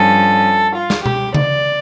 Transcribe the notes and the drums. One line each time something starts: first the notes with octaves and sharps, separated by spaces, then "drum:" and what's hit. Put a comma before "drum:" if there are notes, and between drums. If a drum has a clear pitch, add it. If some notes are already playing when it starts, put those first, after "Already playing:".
Already playing: G2 F3 C#4 A4
F4
drum: snare
G4, drum: tom B2
D5, drum: tom C#3